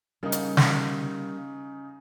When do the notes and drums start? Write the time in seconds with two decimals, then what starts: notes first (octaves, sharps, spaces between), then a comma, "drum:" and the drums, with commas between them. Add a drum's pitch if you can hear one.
0.23 C#3 G3 A#3 D#4
0.32 drum: hi-hat
0.57 drum: snare